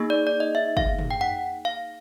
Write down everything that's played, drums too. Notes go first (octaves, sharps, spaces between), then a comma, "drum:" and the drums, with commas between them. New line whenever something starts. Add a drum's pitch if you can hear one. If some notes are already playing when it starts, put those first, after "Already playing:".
Already playing: A#3 D#4 G#4
D5
D5
D#5
E5
F5, drum: kick
drum: tom
G5
F#5
F5